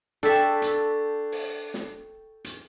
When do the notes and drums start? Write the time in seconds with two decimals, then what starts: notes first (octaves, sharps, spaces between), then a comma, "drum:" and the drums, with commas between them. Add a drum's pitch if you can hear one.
0.23 D4 A4 E5 G5 C#6
0.62 drum: hi-hat
1.32 drum: open hi-hat
1.74 drum: snare
2.44 drum: hi-hat